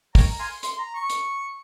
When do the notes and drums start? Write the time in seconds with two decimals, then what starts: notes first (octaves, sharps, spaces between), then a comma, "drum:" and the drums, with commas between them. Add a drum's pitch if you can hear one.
0.15 C#5 G5 A#5, drum: kick, open hi-hat
0.39 F5 G#5 C6
0.63 C6, drum: hi-hat
0.78 A#5
0.94 C#6
1.10 drum: hi-hat